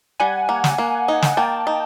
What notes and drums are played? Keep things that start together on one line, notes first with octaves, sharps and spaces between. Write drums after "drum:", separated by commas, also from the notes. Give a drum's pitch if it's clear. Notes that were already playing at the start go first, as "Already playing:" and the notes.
G3 F#5 G#5
A#3
drum: snare
A#3
D#4
drum: snare
A#3 G5 A5
D#4